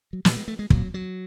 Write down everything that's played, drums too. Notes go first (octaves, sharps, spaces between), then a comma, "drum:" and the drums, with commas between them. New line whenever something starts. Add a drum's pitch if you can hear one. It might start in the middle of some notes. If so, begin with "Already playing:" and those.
F#3
A#2 G3, drum: snare
G#3
A3
G#3
A#2 F#3, drum: kick
F#3